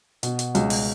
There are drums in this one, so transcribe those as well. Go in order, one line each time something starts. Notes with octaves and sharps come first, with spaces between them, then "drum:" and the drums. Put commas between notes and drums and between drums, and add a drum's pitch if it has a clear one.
B2, drum: hi-hat
drum: hi-hat
C#2, drum: hi-hat
drum: open hi-hat